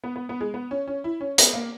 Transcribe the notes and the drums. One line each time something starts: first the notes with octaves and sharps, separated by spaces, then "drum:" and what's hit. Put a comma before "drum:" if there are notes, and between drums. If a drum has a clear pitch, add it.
B3
B3
B3
G#3
B3
C#4
C#4
E4
C#4
B3, drum: hi-hat
A#3